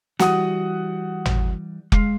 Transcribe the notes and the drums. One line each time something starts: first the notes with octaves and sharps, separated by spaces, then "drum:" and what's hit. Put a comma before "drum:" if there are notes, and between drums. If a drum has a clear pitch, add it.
E3 G3 F#4 F#5 D#6, drum: snare
drum: tom
G#3 F5, drum: kick F1